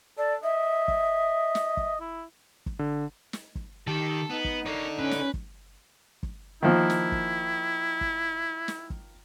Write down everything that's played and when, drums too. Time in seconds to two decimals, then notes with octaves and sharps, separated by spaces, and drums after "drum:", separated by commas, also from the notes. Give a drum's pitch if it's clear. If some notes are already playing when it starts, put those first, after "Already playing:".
0.18 A4 D5
0.43 D#5 E5
0.88 drum: kick
1.55 drum: snare
1.77 drum: kick
2.01 E4
2.66 drum: kick
2.79 D3
3.33 drum: snare
3.55 drum: kick
3.87 D#3 G4 A4
4.30 B3 D#4
4.45 drum: kick
4.66 A#3 C#4 A4 D5
4.99 C#4 B4
5.11 drum: snare
5.34 drum: kick
6.23 drum: kick
6.63 D#3 F3 A#3 E4
6.90 drum: snare
7.12 drum: kick
8.01 drum: kick
8.68 drum: snare
8.90 drum: kick